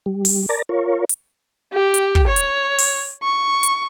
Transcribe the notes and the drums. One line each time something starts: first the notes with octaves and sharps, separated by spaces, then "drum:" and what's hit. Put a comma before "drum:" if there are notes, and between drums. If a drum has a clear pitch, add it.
G3
drum: open hi-hat
A#4 D5 A5 A#5
F4 A#4 C#5
drum: hi-hat
G4
drum: hi-hat
drum: kick
C#5
drum: hi-hat
drum: open hi-hat
C#6
drum: hi-hat